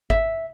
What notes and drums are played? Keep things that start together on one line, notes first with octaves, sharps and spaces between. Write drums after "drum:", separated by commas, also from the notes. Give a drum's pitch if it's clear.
E5, drum: kick G#1